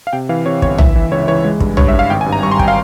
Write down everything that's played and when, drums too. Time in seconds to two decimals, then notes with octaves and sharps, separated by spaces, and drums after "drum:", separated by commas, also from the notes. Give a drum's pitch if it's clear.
0.07 F5
0.13 C3 G5
0.29 E3 F5
0.46 C3 C#5
0.62 G1 C#5, drum: kick
0.78 E3 E5, drum: tom A#1
0.96 E3
1.11 C#2 C#5
1.28 E3 C#5
1.45 G#3
1.60 G2, drum: kick
1.77 G2 C#5, drum: tom A#1
1.88 E5
1.94 G2
1.99 F5
2.10 G#1 G5
2.21 G#5
2.26 G2
2.32 A#5
2.43 G3 C#6
2.51 C6
2.59 G5, drum: kick
2.68 F5